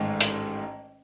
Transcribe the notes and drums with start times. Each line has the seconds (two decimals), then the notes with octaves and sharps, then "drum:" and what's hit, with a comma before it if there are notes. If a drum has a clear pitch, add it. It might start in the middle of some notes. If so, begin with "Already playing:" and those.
Already playing: A1 G#2 D#3 G#3
0.20 drum: hi-hat